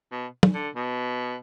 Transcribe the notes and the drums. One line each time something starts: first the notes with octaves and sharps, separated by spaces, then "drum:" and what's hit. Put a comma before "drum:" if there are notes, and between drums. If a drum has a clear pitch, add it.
B2
drum: tom
D3
B2